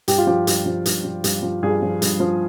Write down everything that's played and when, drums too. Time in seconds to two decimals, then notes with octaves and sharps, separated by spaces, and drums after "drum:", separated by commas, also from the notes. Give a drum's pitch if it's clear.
0.08 G2 G4, drum: hi-hat
0.18 F4
0.27 F3 G4
0.47 G2, drum: hi-hat
0.66 F3
0.86 G2, drum: hi-hat
1.05 F3
1.24 G2, drum: hi-hat
1.43 F3
1.63 G2 G#4
1.82 F3
2.02 G2, drum: hi-hat
2.20 F3